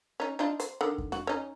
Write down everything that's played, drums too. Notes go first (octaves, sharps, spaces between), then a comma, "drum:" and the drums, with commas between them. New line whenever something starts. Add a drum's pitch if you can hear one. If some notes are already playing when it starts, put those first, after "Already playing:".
C#4 D#4
D4 D#4 F4
C5, drum: hi-hat
D3 D#3
drum: kick F2
F#4, drum: snare
C#4 D#4